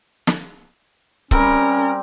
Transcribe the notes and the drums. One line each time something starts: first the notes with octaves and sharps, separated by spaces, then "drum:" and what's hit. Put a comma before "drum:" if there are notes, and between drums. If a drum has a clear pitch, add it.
drum: snare
G3 C4 C#4 A#4, drum: kick C#1